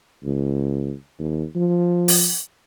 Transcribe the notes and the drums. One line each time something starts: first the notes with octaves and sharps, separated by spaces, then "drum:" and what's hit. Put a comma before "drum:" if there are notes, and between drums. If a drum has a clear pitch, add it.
C#2
D#2
F3
drum: open hi-hat